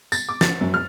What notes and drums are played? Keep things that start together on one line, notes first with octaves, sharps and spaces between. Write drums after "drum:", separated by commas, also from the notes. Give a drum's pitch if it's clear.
A6, drum: tambourine
D6
A6, drum: snare
F#2
F6